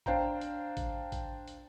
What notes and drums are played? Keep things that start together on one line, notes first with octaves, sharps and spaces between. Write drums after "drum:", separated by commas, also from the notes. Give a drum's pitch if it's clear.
D4 C5 F5 G5 A#5, drum: kick A1
drum: hi-hat
drum: kick A1, hi-hat
drum: kick A1, hi-hat
drum: hi-hat